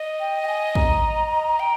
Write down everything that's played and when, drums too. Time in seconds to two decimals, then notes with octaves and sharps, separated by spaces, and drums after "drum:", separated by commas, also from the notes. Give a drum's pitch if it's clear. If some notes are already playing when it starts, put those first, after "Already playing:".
Already playing: D#5
0.20 G5
0.43 G5
0.48 G#5
0.75 A#5, drum: kick
1.59 G5